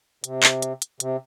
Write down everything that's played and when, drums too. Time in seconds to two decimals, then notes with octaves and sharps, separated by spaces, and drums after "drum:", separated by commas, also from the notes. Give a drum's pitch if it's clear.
0.24 C3, drum: hi-hat
0.43 drum: clap
0.62 drum: hi-hat
0.82 drum: hi-hat
1.00 C3, drum: hi-hat